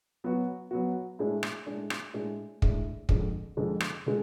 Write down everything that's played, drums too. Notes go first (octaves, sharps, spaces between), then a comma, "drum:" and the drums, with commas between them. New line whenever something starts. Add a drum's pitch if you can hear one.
F#3 B3 F#4
F#3 B3 F#4
A2 G#3 D4 G#4
drum: rim click
A2 G#3 D4 G#4
drum: rim click
A2 G#3 D4 G#4
A2 G#3 D4 G#4, drum: kick
F2 D3 G#3, drum: kick
F2 D3 G#3
drum: rim click
D3 G#3